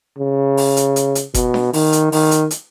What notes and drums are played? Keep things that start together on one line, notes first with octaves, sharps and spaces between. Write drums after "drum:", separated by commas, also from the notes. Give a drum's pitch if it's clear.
C#3
drum: open hi-hat
drum: hi-hat
drum: hi-hat
drum: hi-hat
B2, drum: kick F#1, hi-hat
drum: snare D4
D#3, drum: open hi-hat
drum: hi-hat
D#3, drum: open hi-hat
drum: hi-hat
drum: hi-hat